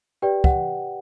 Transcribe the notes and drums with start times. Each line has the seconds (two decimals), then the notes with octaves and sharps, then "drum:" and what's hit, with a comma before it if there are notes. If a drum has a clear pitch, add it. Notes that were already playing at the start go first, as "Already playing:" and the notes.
0.22 G4 B4 D5 G5
0.44 F#5, drum: kick